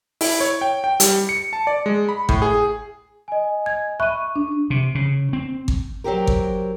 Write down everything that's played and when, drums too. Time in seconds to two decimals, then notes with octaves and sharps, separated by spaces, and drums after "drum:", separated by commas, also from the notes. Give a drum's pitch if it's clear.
0.21 E4, drum: open hi-hat
0.41 C#5
0.61 G5
0.84 G5
1.00 G3, drum: hi-hat
1.29 C#7
1.53 A5
1.67 D5
1.86 G#3
2.09 B5
2.29 A2, drum: kick G#1
2.42 G#4
3.28 D#5 G#5
3.66 G#6
4.00 E5 B5 C#6 F#6 D#7
4.36 D4
4.70 C3
4.95 C#3
5.33 C4
5.68 drum: kick G#1
6.04 F#3 C4 G4 A#4
6.27 drum: kick G#1